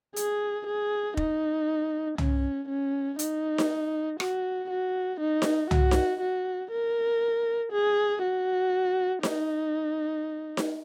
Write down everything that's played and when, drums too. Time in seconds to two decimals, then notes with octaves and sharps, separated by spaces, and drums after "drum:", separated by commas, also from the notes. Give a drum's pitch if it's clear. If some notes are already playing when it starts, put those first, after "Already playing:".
0.16 G#4, drum: hi-hat
0.67 G#4
1.17 D#4, drum: kick
2.18 C#4, drum: tom
2.69 C#4
3.19 D#4, drum: hi-hat
3.58 drum: snare D#4
4.20 F#4, drum: rim click
4.70 F#4
5.20 D#4
5.42 drum: snare D#4
5.71 F#4, drum: tom
5.91 drum: snare D#4
6.21 F#4
6.71 A#4
7.72 G#4
8.22 F#4
9.23 D#4, drum: snare D#4
10.57 drum: snare D#4